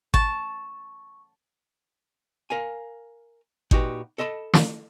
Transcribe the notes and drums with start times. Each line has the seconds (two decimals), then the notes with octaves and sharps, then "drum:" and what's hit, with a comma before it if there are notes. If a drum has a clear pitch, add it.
0.14 A5 C#6, drum: kick G#1
2.50 A#4 F5 G#5
3.71 A#2 D#4 F#4 G4 B4, drum: kick G#1
4.18 A4 D#5 A5 B5
4.54 drum: snare